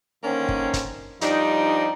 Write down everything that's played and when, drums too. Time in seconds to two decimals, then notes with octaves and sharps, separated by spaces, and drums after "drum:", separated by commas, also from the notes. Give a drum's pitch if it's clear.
0.24 D3 D#3 A#3 C4 C#4
0.49 drum: kick
0.73 drum: kick, hi-hat
1.21 G2 F3 G3 D4 D#4, drum: hi-hat